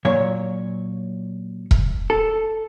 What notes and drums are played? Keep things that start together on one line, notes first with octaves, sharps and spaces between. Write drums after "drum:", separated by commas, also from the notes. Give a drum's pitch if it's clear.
A#2 F#3 C#5
drum: kick E1
A4